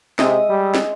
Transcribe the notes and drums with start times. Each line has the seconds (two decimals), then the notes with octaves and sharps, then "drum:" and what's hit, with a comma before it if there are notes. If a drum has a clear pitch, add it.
0.19 C3 G#3 E5 D#6, drum: snare
0.49 G3
0.75 drum: snare